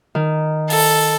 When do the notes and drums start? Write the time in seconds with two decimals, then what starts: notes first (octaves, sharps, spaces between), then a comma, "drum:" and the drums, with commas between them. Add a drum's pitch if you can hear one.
0.15 D#3
0.70 A4, drum: open hi-hat